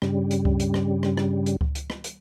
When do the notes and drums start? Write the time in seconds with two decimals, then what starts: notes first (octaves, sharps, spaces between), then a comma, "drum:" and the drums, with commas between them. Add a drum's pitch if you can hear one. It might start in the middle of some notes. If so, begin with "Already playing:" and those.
0.02 G2 C#3 G3, drum: rim click
0.31 drum: hi-hat
0.45 drum: kick C#2
0.60 drum: hi-hat
0.74 drum: rim click
1.03 drum: rim click
1.17 drum: rim click
1.46 drum: hi-hat
1.61 drum: kick C#2
1.75 drum: hi-hat
1.90 drum: rim click
2.04 drum: hi-hat